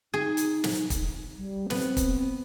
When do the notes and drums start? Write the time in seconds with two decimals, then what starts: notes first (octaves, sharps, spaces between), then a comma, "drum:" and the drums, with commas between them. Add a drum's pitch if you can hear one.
0.14 D#4 G#4
0.37 drum: hi-hat
0.64 drum: snare
0.90 drum: kick, hi-hat
1.36 G3
1.70 B3 C4, drum: snare
1.97 drum: kick, hi-hat